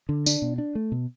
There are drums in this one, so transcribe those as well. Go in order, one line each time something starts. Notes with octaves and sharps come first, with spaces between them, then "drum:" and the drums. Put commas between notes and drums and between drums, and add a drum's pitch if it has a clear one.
D3
D4, drum: tambourine
B2
D4
A3
B2